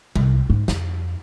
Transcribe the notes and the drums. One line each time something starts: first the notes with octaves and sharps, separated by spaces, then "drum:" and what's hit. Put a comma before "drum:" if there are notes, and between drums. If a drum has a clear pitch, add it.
C2, drum: tom G3
G#2
F2, drum: snare